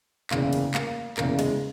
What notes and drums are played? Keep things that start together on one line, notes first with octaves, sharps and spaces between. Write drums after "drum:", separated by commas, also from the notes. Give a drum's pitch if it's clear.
F#1 E2 C#3 A#3, drum: clap
drum: cymbal
A#3, drum: clap
F#1 E2 C#3 A#3, drum: clap
G#3, drum: cymbal